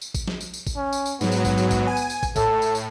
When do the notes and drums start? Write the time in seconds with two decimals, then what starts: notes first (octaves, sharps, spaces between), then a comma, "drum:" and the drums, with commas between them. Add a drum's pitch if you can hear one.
0.01 drum: tambourine
0.15 drum: kick, tambourine
0.28 drum: snare
0.41 drum: tambourine
0.54 drum: tambourine
0.67 drum: kick, tambourine
0.76 C#4
0.93 drum: tambourine
1.06 drum: tambourine
1.21 G#2 F#3 B3, drum: tambourine
1.32 drum: tambourine
1.45 drum: kick, tambourine
1.58 drum: tambourine
1.71 drum: kick, tambourine
1.87 G#5 D#7
1.97 drum: tambourine
2.10 drum: tambourine
2.23 drum: kick, tambourine
2.36 A2 A4, drum: kick, tambourine
2.62 drum: tambourine
2.75 drum: tambourine